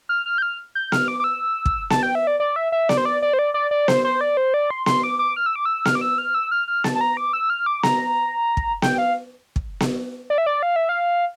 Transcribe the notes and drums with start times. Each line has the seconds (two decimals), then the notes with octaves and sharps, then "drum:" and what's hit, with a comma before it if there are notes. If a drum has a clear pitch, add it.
0.09 F6
0.26 F6
0.38 G6
0.42 F6
0.75 G6
0.92 F6, drum: snare B3
1.08 D6
1.20 D6
1.24 E6
1.66 drum: kick
1.90 A5, drum: snare B3
2.03 G5
2.15 E5
2.27 D5
2.40 D5
2.56 E5
2.72 E5
2.89 D5, drum: snare B3
2.97 C5
3.05 D5
3.22 D5
3.33 C5
3.39 D5
3.54 D5
3.71 D5
3.88 C5, drum: snare B3
4.04 C5
4.21 D5
4.37 C5
4.54 D5
4.70 C6
4.86 C6, drum: snare B3
5.03 D6
5.19 D6
5.36 F6
5.46 E6
5.56 D6
5.66 E6
5.85 F6, drum: snare B3
5.95 D6
6.01 E6
6.18 F6
6.35 E6
6.51 F6
6.68 F6
6.84 A5, drum: snare B3
6.95 A5
7.01 A#5
7.17 D6
7.33 E6
7.50 F6
7.66 D6
7.83 A#5, drum: snare B3
8.57 drum: kick
8.82 G5, drum: snare B3
8.98 F5
9.56 drum: kick
9.80 drum: snare B3
10.30 D5
10.38 E5
10.46 D5
10.63 F5
10.76 E5
10.89 F5